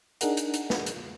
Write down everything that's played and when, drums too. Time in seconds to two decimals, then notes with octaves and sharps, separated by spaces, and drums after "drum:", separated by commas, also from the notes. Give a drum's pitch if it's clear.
0.21 D4 D#4 G#4 A#4 F#5, drum: hi-hat
0.37 drum: hi-hat
0.54 drum: hi-hat
0.70 drum: snare
0.86 drum: hi-hat